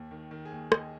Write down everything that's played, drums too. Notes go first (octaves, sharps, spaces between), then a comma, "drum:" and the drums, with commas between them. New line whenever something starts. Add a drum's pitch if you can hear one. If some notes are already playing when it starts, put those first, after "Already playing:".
Already playing: D#2
D#3
D#3
G#4
D#2
D#2 D#5, drum: rim click